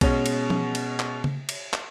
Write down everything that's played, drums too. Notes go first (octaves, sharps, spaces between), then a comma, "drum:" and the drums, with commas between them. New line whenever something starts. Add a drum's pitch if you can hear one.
B2 G#3 C#4, drum: kick A#1, cymbal
drum: cymbal
drum: tom F3
drum: cymbal
drum: clap
drum: tom C#3
drum: cymbal
drum: clap